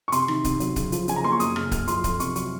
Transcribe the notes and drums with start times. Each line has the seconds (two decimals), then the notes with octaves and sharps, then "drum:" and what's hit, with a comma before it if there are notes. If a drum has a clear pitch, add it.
0.08 C#6
0.12 C3 C6, drum: hi-hat
0.28 D#3, drum: rim click
0.44 C3, drum: kick C#1, hi-hat
0.60 F#3, drum: hi-hat
0.76 C#3, drum: kick C#1, hi-hat
0.92 F3, drum: hi-hat
1.08 C#3 G#5, drum: hi-hat
1.16 A#5
1.24 A#3 C6
1.32 C#6
1.40 F#2 D#6, drum: hi-hat
1.56 C#3 F6, drum: rim click
1.71 F#2 F6, drum: kick C#1, hi-hat
1.88 F3 C6, drum: hi-hat
2.04 F2 C6, drum: kick C#1, hi-hat
2.20 C3 C#6, drum: hi-hat
2.36 F#3 C#6, drum: hi-hat